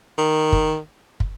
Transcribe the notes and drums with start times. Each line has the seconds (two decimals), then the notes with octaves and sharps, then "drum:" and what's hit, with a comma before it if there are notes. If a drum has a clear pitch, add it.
0.18 D#3
0.52 drum: kick
1.20 drum: kick